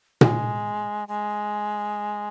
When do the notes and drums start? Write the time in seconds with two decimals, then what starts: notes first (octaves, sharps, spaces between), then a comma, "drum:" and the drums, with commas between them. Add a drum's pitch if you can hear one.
0.21 G#3, drum: tom A#2
1.08 G#3